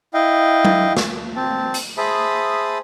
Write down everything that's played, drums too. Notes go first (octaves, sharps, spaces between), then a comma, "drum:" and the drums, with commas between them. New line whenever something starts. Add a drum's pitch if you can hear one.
E4 D#5 F5 G5
drum: tom F#3
drum: snare
C4 A5
drum: hi-hat
G#4 C5 E5 A5 B5 D#6